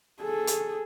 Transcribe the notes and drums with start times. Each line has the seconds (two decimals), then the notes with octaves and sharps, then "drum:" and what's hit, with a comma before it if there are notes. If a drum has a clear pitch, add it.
0.21 G#4 A4
0.47 drum: hi-hat